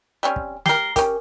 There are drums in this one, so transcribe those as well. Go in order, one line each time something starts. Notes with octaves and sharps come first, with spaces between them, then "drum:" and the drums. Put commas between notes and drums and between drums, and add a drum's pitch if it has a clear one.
G3 C4 C#4
drum: kick
G4 A#4 C7 G7, drum: snare
C#4 G4 A#4, drum: kick, hi-hat